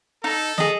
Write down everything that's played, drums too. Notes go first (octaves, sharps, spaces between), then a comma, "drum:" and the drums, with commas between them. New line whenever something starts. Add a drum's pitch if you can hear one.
D#4 A4
G#4 D#5, drum: snare